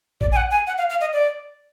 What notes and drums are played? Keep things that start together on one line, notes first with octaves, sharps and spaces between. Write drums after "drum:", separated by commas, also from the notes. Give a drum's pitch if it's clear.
D5, drum: kick A1
G#5
F#5
G#5
F#5
F5
F5
D#5
D5